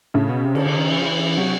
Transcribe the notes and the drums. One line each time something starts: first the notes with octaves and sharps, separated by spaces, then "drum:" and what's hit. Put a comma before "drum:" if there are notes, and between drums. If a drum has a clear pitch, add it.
A2 C#3
B2
C3
D3, drum: cymbal
D3
D#3
E3
F3
E3
C3 F#3